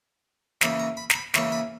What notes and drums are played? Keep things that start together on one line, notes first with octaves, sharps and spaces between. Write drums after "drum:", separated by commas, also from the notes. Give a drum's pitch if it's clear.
C#3 E3 A#3 C#4 B5, drum: snare
A#5
B5
A#5, drum: snare
B5
C#3 E3 A#3 C#4 C#6, drum: snare
B5